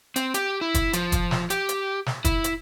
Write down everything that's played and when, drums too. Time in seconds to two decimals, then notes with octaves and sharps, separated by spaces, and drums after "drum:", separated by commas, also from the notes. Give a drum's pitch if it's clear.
0.16 C4, drum: hi-hat
0.34 G4, drum: hi-hat
0.61 E4
0.74 drum: kick, hi-hat
0.93 F3, drum: hi-hat
1.12 drum: kick, hi-hat
1.31 drum: snare
1.50 G4, drum: hi-hat
1.69 drum: hi-hat
2.06 drum: snare
2.25 E4, drum: kick, hi-hat
2.44 drum: hi-hat